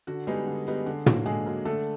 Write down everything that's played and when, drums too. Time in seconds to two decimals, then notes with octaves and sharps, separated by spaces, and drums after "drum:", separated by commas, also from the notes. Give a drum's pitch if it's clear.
0.07 D3 F#4
0.27 G3 G#3 B3 D#4 G#4
0.47 D3
0.67 G3 B3 D#4
0.86 D3
1.06 F#3 A#3, drum: tom
1.26 D3 G#3 G#4
1.46 F#3 A#3
1.65 D3 A3 A4